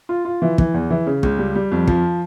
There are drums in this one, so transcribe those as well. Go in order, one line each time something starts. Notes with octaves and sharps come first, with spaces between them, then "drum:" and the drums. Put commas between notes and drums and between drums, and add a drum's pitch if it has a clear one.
F4
F4
E3
E3, drum: kick
E2
E3
C#3
C#2, drum: kick
G3
G3
F2
F3, drum: kick